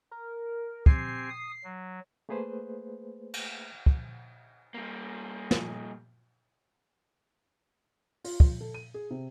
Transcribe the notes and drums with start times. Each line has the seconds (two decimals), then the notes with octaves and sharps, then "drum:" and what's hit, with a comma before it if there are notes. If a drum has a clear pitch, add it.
0.11 A#4
0.86 C4 G4 G#5 C7, drum: kick
1.30 D#6
1.64 F#3
2.29 A3 A#3 G#4 B4 C5
3.33 drum: cymbal
3.86 drum: kick
4.74 G3 A#3
5.51 drum: snare
8.24 F4, drum: open hi-hat
8.40 drum: kick
8.61 A4
8.74 D#7
8.94 G#4
9.11 C3